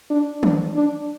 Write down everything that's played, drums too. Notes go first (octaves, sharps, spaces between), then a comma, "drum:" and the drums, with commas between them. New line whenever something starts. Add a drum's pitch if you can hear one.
D4
D4, drum: tom D#3
D4